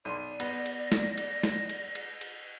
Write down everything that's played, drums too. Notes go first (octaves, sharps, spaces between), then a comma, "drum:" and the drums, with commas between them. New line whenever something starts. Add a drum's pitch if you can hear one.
B1 D5 C6 D#7
B3 A#6, drum: cymbal
drum: cymbal
drum: snare
drum: cymbal
drum: snare
drum: cymbal
drum: cymbal
drum: cymbal